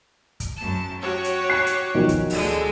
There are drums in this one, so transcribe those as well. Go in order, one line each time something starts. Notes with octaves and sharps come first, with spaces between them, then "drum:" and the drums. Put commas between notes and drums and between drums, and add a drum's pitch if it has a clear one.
drum: kick, hi-hat
F#2 A5
F#4 G4 C#5
drum: hi-hat
F#6 C7
drum: hi-hat
B1 D#3 F3
drum: kick, hi-hat
D2 D3 G#3, drum: open hi-hat